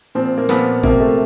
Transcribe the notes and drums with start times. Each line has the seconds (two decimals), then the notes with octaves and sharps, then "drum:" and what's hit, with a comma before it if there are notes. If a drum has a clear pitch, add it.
0.15 A#2 F3 C4
0.38 A#3
0.49 A#2 F3 B3, drum: snare
0.84 C3 F3 A#3, drum: kick G#1
1.00 A3